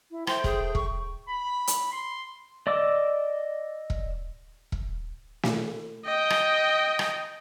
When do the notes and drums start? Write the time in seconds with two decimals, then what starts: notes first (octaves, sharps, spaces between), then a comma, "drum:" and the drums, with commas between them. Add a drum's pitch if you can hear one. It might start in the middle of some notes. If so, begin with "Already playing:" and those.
0.11 E4
0.27 A3 C5 G5 C6, drum: rim click
0.44 G#4, drum: kick E1
0.75 C#6, drum: kick E1
1.29 B5
1.67 drum: hi-hat
1.92 C6
2.67 D5 D#5 D6 E6
3.90 drum: kick E1
4.72 drum: kick E1
5.43 drum: snare
6.05 D#5 G5
6.30 drum: rim click
6.99 drum: rim click